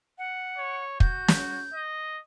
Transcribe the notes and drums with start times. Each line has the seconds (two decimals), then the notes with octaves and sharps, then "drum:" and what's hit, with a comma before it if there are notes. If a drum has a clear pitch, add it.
0.18 F#5
0.57 C#5
1.00 F#4 G6, drum: kick
1.28 drum: snare
1.74 D#5